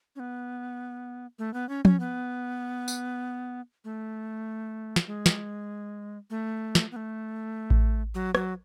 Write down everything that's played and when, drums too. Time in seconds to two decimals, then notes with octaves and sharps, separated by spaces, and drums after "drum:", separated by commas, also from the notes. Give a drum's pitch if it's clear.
0.16 C#4
0.20 B3
1.39 A3
1.54 B3
1.69 C#4
1.85 C#4, drum: tom F3
2.00 B3
2.88 drum: tambourine
3.84 A3
4.96 drum: snare
5.07 G#3
5.26 drum: snare
6.30 A3
6.75 drum: snare
6.91 B3
6.96 A3
7.70 drum: kick A1
8.15 F#3
8.35 F#3, drum: rim click